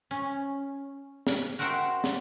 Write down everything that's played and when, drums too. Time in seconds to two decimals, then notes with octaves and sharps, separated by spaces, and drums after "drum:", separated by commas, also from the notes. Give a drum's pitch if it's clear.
0.11 C#4
1.27 drum: snare
1.59 F#4 A#4 C5 E5 F#5 G5
2.04 drum: snare